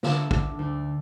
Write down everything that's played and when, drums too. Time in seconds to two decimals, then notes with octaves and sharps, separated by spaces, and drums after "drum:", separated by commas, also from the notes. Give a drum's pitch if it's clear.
0.03 D3 E5 A5, drum: snare
0.31 D3, drum: kick
0.59 D2